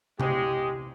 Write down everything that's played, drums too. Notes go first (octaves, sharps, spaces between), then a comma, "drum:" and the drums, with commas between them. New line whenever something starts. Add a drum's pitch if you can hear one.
G#3 G4, drum: tom C3